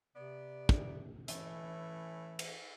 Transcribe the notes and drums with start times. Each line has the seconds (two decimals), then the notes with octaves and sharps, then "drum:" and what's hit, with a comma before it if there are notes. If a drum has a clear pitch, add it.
0.16 C3 B3 D5
0.69 drum: kick
1.28 A2 E3 C#4 E5, drum: hi-hat
2.39 drum: cymbal